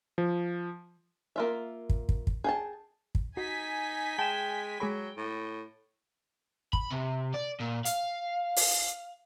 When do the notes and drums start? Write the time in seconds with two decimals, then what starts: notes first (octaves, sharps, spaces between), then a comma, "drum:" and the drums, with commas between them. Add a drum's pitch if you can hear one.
0.18 F3
1.36 A#3 F4 E5
1.89 drum: kick
2.09 drum: kick
2.27 drum: kick
2.44 G#4 G5 A5
3.15 drum: kick
3.37 D#4 F#4 G#5 B6
4.19 G#3 G5 A5 E7
4.80 F#3 G#3 G#4 B5
5.17 A2
6.73 B5, drum: kick
6.91 C3
7.34 D5
7.60 A#2
7.85 F5, drum: hi-hat
8.56 drum: open hi-hat